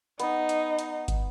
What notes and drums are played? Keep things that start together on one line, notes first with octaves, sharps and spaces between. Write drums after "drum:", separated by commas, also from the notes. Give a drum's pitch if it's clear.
B3 D#4, drum: hi-hat
drum: hi-hat
drum: hi-hat
drum: kick, hi-hat